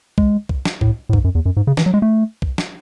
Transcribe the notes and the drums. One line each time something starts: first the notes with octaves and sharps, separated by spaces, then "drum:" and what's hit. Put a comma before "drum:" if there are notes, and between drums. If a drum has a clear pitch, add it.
G#3, drum: kick
drum: kick
drum: snare
A2, drum: kick
A2
G#2, drum: kick
F#2
E2
F#2
G#2
C#3
E3, drum: snare
F#3
G#3
A3
drum: kick
drum: snare